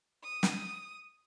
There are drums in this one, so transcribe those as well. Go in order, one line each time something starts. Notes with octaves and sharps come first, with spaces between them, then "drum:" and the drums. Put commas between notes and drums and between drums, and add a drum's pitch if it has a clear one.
D#6
drum: snare